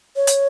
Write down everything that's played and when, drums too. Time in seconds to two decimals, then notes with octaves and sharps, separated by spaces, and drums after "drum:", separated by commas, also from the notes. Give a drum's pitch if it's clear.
0.16 C#5
0.27 drum: hi-hat